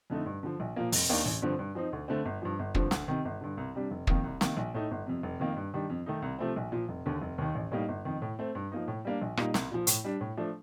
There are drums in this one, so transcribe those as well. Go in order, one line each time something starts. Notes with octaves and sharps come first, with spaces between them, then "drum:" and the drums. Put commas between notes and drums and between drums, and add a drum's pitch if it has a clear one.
F2 D3 A3 D#4
G2
D3 F3
A#1
A#2 F3 A#3
F1, drum: open hi-hat
D#2 D#3 A#3 D4
A1
G2 D3 F3 C4
G2
F3 C4 D#4
D2
D3 A3 C4
G1
G2 F3
G1
G2 D3 F3 C4, drum: kick
D2, drum: snare
C3 D#3
G1
G2 D3
C2
C3 G3 D4
F1
F2 D#3 A#3 D#4, drum: kick
C2
C3 D#3 A#3, drum: snare
A#1
A2 A3 D#4
G1
F2 C3
F1
F2 D#3 A#3
G2
D#3 G3 D4
F2
D#3 A3 D#4
C2
C3 F3 A3 C4
A#1
A#2 F3
F1
D#2 D3
F1
D#2 D#3
A1
A2 G3 A#3 D#4
G1
F2 D#3
A2
A3 C4
G2
F3 A#3 D#4
A2
G3 A#3 D4
A#1
A#2 G3 A#3 D#4, drum: rim click
C2, drum: snare
A#2 F3
A2, drum: hi-hat
G3 D4
A2
F3 A3 D4